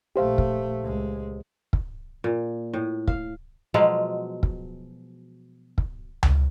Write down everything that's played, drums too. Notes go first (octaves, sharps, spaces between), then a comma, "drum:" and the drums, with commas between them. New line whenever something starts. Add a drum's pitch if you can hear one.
A#1 A3 G4 C5 F5
drum: kick
C#2 G#3
drum: kick
A#2
A2
F5, drum: kick
B2 F3 F#3 G#3
drum: kick
drum: kick
drum: tom C#2